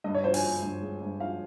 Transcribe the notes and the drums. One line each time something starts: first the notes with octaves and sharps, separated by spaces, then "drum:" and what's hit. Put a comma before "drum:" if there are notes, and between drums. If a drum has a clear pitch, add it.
G2 D#5
C#5
F3 C5
G#5, drum: open hi-hat
F3
G2
G#3
G2
F3 F5